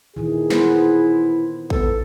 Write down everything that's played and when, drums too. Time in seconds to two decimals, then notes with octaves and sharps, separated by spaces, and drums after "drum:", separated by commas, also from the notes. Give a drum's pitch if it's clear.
0.16 A#2 D#3 E3 G#4
0.50 B3 E4 B4 C5, drum: snare
1.70 B3 A4, drum: kick A1